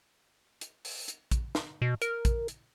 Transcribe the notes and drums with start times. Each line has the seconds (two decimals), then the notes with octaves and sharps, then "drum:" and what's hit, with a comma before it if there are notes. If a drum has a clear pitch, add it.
0.61 drum: hi-hat
0.85 drum: open hi-hat
1.08 drum: hi-hat
1.31 drum: kick, hi-hat
1.55 drum: snare
1.82 B2
2.02 A#4, drum: hi-hat
2.25 drum: kick, hi-hat
2.48 drum: hi-hat